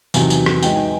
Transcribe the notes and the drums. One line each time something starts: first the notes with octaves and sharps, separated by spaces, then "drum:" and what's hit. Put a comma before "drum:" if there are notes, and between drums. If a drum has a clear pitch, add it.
E2 C3 D#3 F#3 G#5, drum: tambourine
drum: tambourine
drum: rim click
G#2 E3 G#3 G5, drum: tambourine
G#5